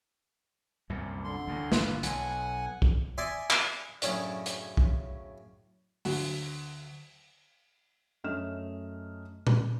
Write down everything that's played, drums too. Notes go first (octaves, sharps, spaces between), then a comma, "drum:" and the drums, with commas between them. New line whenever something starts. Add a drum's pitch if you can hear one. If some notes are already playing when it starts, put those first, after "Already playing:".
C2 F#2 A#2
D3 C6
D2 A2
G1 D3 A#3 F4 B4, drum: snare
B1 F#5 G#5, drum: hi-hat
drum: kick
D5 E5 G#5 C6 D6 D#6
drum: clap
F#2 A2 C#3 C#4 D4, drum: hi-hat
drum: hi-hat
drum: kick
D2 F#3, drum: open hi-hat
F#2 A3 C#4 D#5 F6 E7
drum: tom A#2